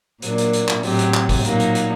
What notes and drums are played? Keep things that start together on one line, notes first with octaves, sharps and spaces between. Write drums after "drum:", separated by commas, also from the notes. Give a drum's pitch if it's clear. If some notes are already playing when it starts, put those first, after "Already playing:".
A#2 F#3 A#3 D4, drum: hi-hat
drum: hi-hat
drum: hi-hat
drum: clap
A2 F#3 C4 G4, drum: open hi-hat
drum: hi-hat
drum: clap
drum: kick, open hi-hat
A#2 F#3 A#3 D#4, drum: hi-hat
drum: hi-hat
drum: hi-hat